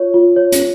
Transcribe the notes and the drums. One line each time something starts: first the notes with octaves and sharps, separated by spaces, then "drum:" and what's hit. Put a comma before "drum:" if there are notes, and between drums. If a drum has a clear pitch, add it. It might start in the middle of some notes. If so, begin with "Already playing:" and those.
Already playing: F4 C#5
F4
C#5
drum: hi-hat